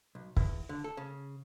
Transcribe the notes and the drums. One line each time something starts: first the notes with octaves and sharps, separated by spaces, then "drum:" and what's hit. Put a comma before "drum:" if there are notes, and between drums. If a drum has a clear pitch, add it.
B1
E2, drum: kick
D3
A4
C#3